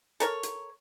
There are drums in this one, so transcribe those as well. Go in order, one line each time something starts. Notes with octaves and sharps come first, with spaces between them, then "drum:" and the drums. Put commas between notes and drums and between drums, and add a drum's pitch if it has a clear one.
A4 A#4 C#5, drum: hi-hat
drum: hi-hat